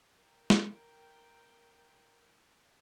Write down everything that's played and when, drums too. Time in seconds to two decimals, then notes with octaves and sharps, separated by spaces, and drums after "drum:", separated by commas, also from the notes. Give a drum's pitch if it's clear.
0.17 A#4 G5
0.50 drum: snare